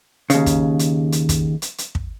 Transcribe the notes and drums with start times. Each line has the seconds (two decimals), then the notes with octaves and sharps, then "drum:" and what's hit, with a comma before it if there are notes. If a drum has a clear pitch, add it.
0.30 D#2 C#3, drum: hi-hat
0.46 drum: kick, hi-hat
0.79 drum: hi-hat
1.12 drum: hi-hat
1.29 drum: kick, hi-hat
1.62 drum: hi-hat
1.78 drum: hi-hat
1.95 drum: kick